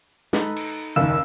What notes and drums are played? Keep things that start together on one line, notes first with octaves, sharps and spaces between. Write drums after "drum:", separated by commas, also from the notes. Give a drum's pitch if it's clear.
D#4 A4 B4, drum: snare
drum: cymbal
F#1 D#2 F5 E6